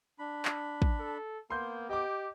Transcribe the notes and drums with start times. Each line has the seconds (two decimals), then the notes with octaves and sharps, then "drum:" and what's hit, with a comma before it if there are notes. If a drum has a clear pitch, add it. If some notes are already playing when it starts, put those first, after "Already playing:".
0.19 D4 B5
0.45 drum: clap
0.82 drum: kick
1.00 A4
1.50 A#3 B3 C6 G6
1.89 G4 D#5 D6